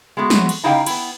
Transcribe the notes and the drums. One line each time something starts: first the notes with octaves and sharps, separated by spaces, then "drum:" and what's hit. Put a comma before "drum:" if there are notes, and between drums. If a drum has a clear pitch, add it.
G#3 A3 B3 F#4
drum: snare
drum: cymbal
C#3 D#4 E4 G4 F5 G5
B3 E4, drum: cymbal